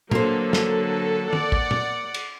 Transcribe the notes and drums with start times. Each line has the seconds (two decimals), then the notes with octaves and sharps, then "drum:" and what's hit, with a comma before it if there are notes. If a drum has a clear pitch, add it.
0.11 D3 F#3 A#3 A4 C5, drum: tom A#2
0.53 drum: snare
1.33 D5 F#5, drum: tom
1.52 drum: kick
1.71 drum: tom A#2
2.14 drum: cymbal